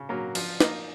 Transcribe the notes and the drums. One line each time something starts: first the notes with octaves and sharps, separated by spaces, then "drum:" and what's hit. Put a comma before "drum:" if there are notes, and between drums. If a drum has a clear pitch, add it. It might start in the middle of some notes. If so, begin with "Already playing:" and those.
Already playing: C#3
F#3 A#3
F3, drum: cymbal
A#3 D#4, drum: snare